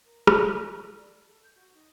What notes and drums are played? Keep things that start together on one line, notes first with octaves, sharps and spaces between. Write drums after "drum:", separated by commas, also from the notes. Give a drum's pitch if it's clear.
A#4
E5, drum: rim click
C6
C#6
E6
D5
A4
G6
F#4
D#4